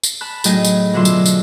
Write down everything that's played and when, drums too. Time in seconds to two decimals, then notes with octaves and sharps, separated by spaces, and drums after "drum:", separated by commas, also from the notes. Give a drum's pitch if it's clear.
0.03 drum: tambourine
0.21 A5 B5 F#6
0.44 A2 F#3 D#4 G#4 D#5 G5, drum: tambourine
0.65 drum: tambourine
0.94 B2 D3 F#3 F4 E5 C6
1.05 drum: tambourine
1.26 drum: tambourine